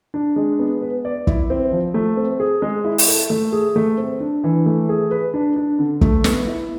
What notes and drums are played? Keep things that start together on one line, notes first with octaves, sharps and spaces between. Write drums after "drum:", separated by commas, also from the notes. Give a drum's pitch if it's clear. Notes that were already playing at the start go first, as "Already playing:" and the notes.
D4
G#3
B3
B4
D5
E4, drum: kick
C4
F3
A3
C4
G#4
G#3
E4
drum: open hi-hat
A4
A3
G#4
A3
C4
D4
E3
A3
G#4
B4
D4
D4
D3
A3, drum: kick
B3, drum: snare
E4